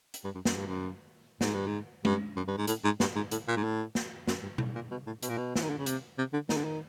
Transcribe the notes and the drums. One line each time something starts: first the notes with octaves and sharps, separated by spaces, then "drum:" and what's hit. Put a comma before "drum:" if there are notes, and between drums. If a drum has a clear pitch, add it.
drum: hi-hat
G2
F#2
F#2, drum: snare
G2
F#2
G#2, drum: snare
G2
G#2
G2, drum: tom G#3
F#2
G2
G#2
A2, drum: hi-hat
G#2
G2, drum: snare
G#2
A2, drum: hi-hat
A#2
G#2
A2
drum: snare
F#2, drum: snare
G2
A2, drum: tom B2
A#2
B2
A2
B2, drum: hi-hat
A#2
B2
E3, drum: snare
D#3
D3
C#3
C3, drum: hi-hat
C3
D3
D#3, drum: snare
D3
D#3